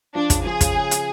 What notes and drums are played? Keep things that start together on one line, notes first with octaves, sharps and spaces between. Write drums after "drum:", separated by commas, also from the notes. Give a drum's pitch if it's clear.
F3 D4
C#3, drum: kick, hi-hat
F3 G#4
C#3, drum: kick, hi-hat
C#3
drum: hi-hat